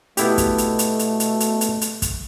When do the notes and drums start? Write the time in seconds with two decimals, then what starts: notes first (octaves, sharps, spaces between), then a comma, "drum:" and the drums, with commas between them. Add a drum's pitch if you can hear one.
0.17 B2 A3 B3 E4 G4, drum: hi-hat
0.38 drum: kick, hi-hat
0.58 drum: hi-hat
0.79 drum: hi-hat
0.99 drum: hi-hat
1.20 drum: hi-hat
1.40 drum: hi-hat
1.61 drum: hi-hat
1.81 drum: hi-hat
2.02 drum: kick, hi-hat